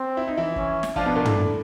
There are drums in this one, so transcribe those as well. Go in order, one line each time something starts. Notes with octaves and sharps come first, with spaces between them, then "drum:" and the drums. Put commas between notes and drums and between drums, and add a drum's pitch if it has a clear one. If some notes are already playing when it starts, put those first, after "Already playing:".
Already playing: C4
E4
D#4
E3 E4
C#4, drum: kick
drum: snare
F3 D4 F4, drum: kick
B2 B3
A#2 A#3
A2 A3, drum: tom